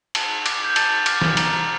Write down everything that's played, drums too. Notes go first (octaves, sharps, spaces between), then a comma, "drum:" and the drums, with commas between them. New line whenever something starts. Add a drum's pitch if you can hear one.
A5, drum: cymbal
D6 F6, drum: cymbal
G6
A5 A6, drum: cymbal
D6 F6, drum: cymbal
drum: snare
A#5, drum: cymbal